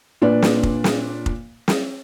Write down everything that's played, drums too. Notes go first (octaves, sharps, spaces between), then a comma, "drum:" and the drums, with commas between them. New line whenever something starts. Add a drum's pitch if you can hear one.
A#2 D4 B4 D5
drum: snare
drum: kick F1
drum: snare
drum: kick F1
drum: snare